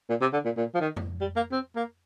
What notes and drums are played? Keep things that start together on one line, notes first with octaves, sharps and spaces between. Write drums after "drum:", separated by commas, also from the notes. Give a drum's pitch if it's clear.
A#2
C3
D3
A#2
A#2
F3
D#3
drum: tom F2
G3
A#3
C4
A#3